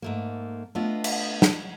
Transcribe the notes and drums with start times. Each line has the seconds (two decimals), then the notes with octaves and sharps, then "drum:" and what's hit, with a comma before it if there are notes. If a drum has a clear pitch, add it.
0.02 G#2 A3 A#3
0.75 A3 B3 D4 F4 D#5
1.04 drum: cymbal
1.42 drum: snare